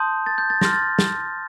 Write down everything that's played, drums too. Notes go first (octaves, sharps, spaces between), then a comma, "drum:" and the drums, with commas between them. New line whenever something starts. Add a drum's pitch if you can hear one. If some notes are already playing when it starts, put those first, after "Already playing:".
Already playing: A5 C6 D#6 G6
A6
G6
A6
C6 F6 A#6, drum: snare
A6
drum: snare